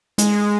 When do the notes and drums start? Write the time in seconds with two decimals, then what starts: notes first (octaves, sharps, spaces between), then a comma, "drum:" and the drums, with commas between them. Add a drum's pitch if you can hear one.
0.18 G#3, drum: hi-hat